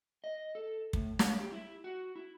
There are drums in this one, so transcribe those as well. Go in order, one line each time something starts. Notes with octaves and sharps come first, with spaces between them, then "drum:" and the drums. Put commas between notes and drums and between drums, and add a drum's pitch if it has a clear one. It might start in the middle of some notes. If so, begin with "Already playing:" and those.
D#5
A4
A2, drum: kick
A2, drum: snare
G4
E4
F#4
E4